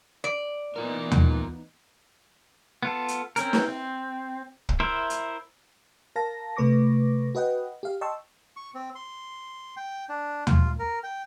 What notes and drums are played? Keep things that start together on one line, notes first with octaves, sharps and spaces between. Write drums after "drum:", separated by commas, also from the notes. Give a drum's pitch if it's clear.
D5
E3 B3 D#4 F4 A#4
drum: tom D#2
B3 F4 A4
drum: hi-hat
C4 C#4 A#4, drum: hi-hat
drum: snare
C4
drum: kick
E4 A#4 C5 E5
drum: hi-hat
A#4 F5 A5 A#6
C3 A3 B4 C#6 D6 A#6
F#4 B4 D#5 F#5 G5
G4 F5
D#5 G5 A5 C6 C#6 E6
C#6
C4
C6
G5
D4
F4, drum: tom D#2
A#4
G5